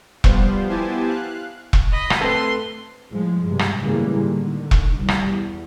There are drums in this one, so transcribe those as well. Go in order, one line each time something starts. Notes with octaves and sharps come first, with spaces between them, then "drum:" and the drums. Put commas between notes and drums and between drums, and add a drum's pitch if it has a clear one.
F3 G3 B3 F4 C5, drum: kick E1
B3 E4 G4 C5 G#5 A5
F5 F#6
drum: kick E1
D#5 B5
drum: rim click
A3 C4 A4 B4 C6
A2 F3 G#3
G2 C3
drum: rim click
A2 C#3 E3 G3 G#3 A#3
D3 D#3
drum: kick E1
C2 G3
drum: rim click
E2